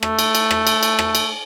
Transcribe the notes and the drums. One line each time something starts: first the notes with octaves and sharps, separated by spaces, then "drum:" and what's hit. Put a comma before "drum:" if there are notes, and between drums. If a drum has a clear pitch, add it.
A3, drum: rim click
drum: cymbal
drum: cymbal
drum: rim click
drum: cymbal
drum: cymbal
drum: rim click
drum: cymbal